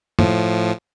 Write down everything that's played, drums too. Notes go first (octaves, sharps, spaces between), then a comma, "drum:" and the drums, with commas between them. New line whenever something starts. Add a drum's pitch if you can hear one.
A2 F3, drum: tom